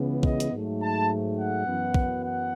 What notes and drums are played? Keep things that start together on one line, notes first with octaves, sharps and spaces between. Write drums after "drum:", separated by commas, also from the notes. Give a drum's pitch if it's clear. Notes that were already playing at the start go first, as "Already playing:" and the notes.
Already playing: C#2 C#3 E3 B3
D#5, drum: kick
drum: hi-hat
G#2 F#3 A3
A5
F#5
F#2 E3 B3
drum: kick
F#5